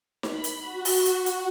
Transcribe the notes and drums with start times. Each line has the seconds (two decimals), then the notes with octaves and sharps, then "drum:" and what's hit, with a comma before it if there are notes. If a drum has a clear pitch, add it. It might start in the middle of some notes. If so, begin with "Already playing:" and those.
0.23 B5, drum: snare D#4
0.44 drum: hi-hat
0.60 F#4
0.85 drum: open hi-hat
1.05 drum: hi-hat
1.26 drum: hi-hat